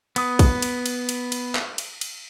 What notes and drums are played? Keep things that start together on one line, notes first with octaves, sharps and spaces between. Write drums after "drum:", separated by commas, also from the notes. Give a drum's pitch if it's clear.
B3 D#6, drum: cymbal
drum: kick A#1, cymbal
drum: cymbal
drum: cymbal
drum: cymbal
drum: cymbal
drum: clap
drum: cymbal
drum: cymbal